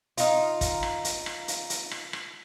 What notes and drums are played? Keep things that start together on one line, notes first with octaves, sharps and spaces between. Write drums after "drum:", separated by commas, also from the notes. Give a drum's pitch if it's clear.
D#4 F4, drum: hi-hat
drum: kick, hi-hat
drum: rim click
drum: hi-hat
drum: rim click
drum: hi-hat
drum: hi-hat
drum: rim click
drum: rim click